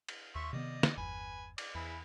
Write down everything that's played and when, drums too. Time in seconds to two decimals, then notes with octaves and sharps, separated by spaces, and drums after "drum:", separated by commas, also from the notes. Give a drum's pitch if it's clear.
0.09 drum: cymbal
0.35 D#2 E5 C6 C#6
0.53 C3 D#3 B3 D5 D#5
0.83 drum: snare
0.98 G1 E2 B4 G#5
1.58 D5, drum: cymbal
1.75 E2 E4 G#4 B4